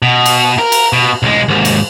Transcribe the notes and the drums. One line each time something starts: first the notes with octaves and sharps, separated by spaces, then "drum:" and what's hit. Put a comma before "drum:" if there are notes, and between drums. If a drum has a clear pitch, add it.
B2
drum: cymbal
A#4
drum: cymbal
B2
B1 G#3
D#2 G#2
drum: cymbal